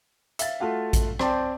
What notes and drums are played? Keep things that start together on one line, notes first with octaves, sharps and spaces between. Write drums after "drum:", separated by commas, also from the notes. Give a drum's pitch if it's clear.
E5 F5 A6, drum: hi-hat
A3 F4 F#4 F5
drum: kick A1, hi-hat
C4 C5 D5 G5 A5, drum: rim click